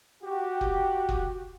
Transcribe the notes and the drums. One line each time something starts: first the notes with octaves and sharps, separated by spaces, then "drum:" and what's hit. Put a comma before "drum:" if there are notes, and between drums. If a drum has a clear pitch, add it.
F#4 G4
drum: kick
drum: kick